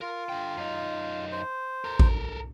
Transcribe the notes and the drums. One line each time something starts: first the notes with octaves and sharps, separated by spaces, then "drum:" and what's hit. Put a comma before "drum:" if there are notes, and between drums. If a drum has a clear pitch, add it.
F4 A#4
D3 G5
F#2 D#4
C5
A4 A#4
drum: kick A1